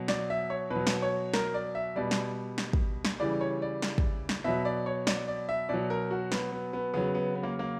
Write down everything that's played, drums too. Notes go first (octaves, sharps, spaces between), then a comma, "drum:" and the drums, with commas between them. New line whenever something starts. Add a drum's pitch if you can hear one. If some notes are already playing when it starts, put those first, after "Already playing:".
Already playing: B2 F#3
D5, drum: snare
E5
C#5
B2 F#3 B4
drum: snare
C#5
A#4, drum: snare
D5
E5
B2 G3 D5
drum: snare
drum: snare
drum: kick
drum: snare
C#3 E3 G3 D5
C#5
D5
drum: snare
drum: kick
drum: snare
B2 F#3 E5
D5
C#5
D5, drum: snare
D5
E5
B2 F#3 D5
A#4
F#4
B3, drum: snare
B3
B3
C#3 F#3 B3
B3
B3
A#3
A#3